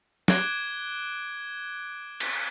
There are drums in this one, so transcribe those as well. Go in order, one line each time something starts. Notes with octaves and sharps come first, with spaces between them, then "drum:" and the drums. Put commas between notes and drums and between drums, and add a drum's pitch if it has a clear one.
D6 F#6 G#6 D7 G7, drum: snare
drum: cymbal